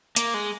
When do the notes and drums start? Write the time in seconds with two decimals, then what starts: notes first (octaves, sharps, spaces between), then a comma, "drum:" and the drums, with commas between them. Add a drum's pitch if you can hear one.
0.16 A#3, drum: hi-hat
0.34 G#3